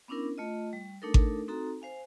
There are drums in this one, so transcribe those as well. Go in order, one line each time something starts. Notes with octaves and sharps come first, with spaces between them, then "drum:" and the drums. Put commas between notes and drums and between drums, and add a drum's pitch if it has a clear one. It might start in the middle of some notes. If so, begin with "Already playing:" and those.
B3 C#4 D4 E4 A#4
A3 F4 D#5
G3
A3 D4 D#4 A4 A#4
drum: kick G#1
C4 D#4 F#4 A4 A#5
C5 F5 G#5